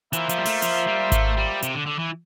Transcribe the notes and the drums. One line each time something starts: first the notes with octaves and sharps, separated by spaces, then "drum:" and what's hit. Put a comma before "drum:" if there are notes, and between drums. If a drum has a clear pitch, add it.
E3 A#3 F4 C5 E5, drum: hi-hat
F3, drum: hi-hat
G3
A3, drum: open hi-hat
F3, drum: hi-hat
G3
A3, drum: kick G#1, hi-hat
G3
C3, drum: hi-hat
D3
D3
E3